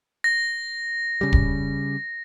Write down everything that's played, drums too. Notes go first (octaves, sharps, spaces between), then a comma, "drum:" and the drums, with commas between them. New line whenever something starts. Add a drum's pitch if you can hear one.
A#6
C#3 G3
drum: kick